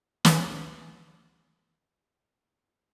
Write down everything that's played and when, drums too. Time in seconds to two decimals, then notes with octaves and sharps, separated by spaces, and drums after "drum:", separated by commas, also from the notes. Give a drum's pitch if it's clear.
0.25 D#3 E3 D#4 G#5 D#6, drum: snare